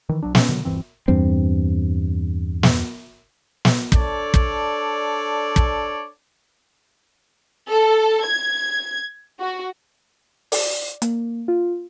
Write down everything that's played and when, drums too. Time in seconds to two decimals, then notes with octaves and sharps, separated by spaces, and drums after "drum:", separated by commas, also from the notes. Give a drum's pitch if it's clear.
0.09 D#3 E3
0.23 B1 F#3 D4
0.35 C#4, drum: snare
0.49 B2 D3 D#3 F#3
0.65 D#1 G2 E3 C4
1.08 E2 G2 C4
2.63 drum: snare
3.65 drum: snare
3.92 D4 A4 C#5 D5, drum: kick
4.34 drum: kick
5.56 drum: kick
7.69 A4
8.25 G#6
9.39 F#4
10.52 D5, drum: open hi-hat
11.02 A#3, drum: hi-hat
11.48 F4